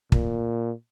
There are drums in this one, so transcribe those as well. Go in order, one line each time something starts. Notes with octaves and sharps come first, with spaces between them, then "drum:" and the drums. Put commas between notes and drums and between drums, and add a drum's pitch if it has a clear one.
A#2, drum: kick